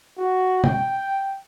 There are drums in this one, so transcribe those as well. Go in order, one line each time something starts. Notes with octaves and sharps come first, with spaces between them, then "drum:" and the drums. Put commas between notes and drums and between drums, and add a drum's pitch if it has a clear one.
F#4
G5, drum: tom